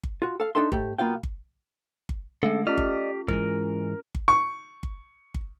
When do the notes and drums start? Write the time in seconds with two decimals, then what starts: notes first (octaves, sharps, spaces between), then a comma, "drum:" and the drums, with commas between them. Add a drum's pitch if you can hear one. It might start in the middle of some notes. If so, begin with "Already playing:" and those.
0.04 drum: kick G1
0.22 F4 F#4
0.40 A4 F5
0.55 D4 D#4 A4 E5 C6
0.72 G#2 A3 G4, drum: kick G1
0.98 B1 A#3 B3 F4 F5 G5
1.23 drum: kick G1
2.09 drum: kick G1
2.43 D3 G#3 A3 A4 E5
2.67 C#4 F4 G4 D5 D#5 F6
2.78 drum: kick G1
3.28 G#2 E3 G#3 A#4, drum: kick G1
4.15 drum: kick G1
4.28 C#6
4.83 drum: kick G1
5.34 drum: kick G1